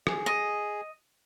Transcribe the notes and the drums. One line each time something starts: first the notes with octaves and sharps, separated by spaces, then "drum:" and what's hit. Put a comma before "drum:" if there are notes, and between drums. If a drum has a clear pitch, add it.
G#4, drum: rim click
D#5